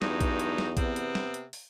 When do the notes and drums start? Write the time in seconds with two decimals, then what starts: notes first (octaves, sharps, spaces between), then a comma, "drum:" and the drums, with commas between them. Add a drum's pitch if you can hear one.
0.02 E2 G2 F#3 D#4, drum: snare
0.21 drum: kick A#1, hi-hat
0.39 drum: hi-hat
0.58 drum: snare
0.77 C3 B3 C4, drum: kick A#1, hi-hat
0.96 drum: hi-hat
1.15 drum: snare
1.34 drum: hi-hat
1.53 drum: open hi-hat